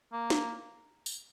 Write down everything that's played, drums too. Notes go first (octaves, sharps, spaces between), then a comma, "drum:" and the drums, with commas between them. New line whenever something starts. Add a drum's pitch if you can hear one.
A#3
drum: snare
drum: tambourine